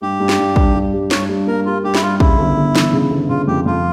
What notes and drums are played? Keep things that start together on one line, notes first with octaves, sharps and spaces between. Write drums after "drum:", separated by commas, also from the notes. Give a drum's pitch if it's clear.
G2 G4
G2
drum: snare
G2
G2, drum: kick
G2
G3
G2 C#5, drum: snare
G2
A#3 A#4
G3 F4
G2 G4
E4, drum: snare
G3 F4
C#3 E4, drum: kick
G1
G1
E3, drum: snare
C#3
G1
C#3 F4
F2 G4
F2 F4